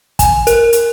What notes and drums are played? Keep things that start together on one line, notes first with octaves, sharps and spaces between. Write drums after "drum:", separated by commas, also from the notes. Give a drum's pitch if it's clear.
G#5, drum: kick, hi-hat
A#4, drum: hi-hat
drum: hi-hat